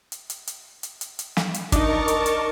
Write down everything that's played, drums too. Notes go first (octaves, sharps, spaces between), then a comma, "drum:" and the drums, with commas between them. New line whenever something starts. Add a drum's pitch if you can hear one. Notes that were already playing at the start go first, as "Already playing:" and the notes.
drum: hi-hat
drum: hi-hat
drum: hi-hat
drum: hi-hat
drum: hi-hat
drum: hi-hat
drum: snare
drum: hi-hat
D4 D#4 A#4 D#5 A5 C#6 D6, drum: kick, hi-hat
drum: hi-hat
drum: hi-hat